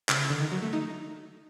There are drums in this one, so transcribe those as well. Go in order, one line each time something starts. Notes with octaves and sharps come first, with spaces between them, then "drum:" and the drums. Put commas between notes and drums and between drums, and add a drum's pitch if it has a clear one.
C#3, drum: clap
D3
D#3
F#3
A3
D#4